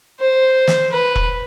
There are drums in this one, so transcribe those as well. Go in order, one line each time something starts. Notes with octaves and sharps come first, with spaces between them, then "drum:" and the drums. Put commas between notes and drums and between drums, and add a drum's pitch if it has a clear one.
C5
drum: snare
B4
drum: kick E1